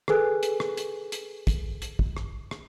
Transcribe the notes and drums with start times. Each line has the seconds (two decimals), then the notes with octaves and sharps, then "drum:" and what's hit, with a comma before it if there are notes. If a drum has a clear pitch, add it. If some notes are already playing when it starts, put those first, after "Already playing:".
0.08 G#4 A4 B4 G#5 F#6, drum: rim click
0.43 drum: hi-hat
0.60 drum: rim click
0.77 drum: hi-hat
1.12 drum: hi-hat
1.47 drum: kick, hi-hat
1.82 drum: hi-hat
1.99 drum: kick
2.17 drum: rim click
2.51 drum: rim click